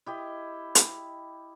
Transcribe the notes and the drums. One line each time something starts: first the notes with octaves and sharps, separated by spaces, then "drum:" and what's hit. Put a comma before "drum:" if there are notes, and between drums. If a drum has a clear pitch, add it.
E4 G4 D#5
drum: hi-hat